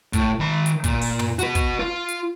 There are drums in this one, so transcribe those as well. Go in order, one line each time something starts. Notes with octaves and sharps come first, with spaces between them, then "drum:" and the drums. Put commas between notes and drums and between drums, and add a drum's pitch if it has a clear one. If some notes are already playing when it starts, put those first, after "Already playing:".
A2, drum: kick, hi-hat
D#3 B5
drum: hi-hat
A#2, drum: kick, hi-hat
drum: open hi-hat
drum: tom
F#4 B4, drum: hi-hat
drum: kick, hi-hat
F4
drum: hi-hat